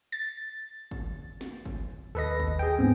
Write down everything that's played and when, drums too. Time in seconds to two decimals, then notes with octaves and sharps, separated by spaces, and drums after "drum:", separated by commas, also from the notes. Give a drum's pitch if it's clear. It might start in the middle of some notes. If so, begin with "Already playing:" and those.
0.12 A6
0.91 drum: kick
1.41 drum: snare
1.66 drum: kick
2.15 D#2 A4 B4 D#5 A#6
2.40 drum: kick
2.59 G#4 G5
2.79 G#2 B3 C4